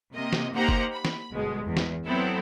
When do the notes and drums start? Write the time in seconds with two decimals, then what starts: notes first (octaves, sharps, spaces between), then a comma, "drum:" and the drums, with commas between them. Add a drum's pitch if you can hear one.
0.15 C3 A#3 D#5
0.33 drum: snare
0.55 A#3 D#4 G4 C5 F#5 A#5
0.69 drum: kick
0.94 B5
1.05 drum: snare
1.33 G1 B2 G#3
1.65 E2
1.77 drum: snare
2.06 F#3 B3 C4 E4 A4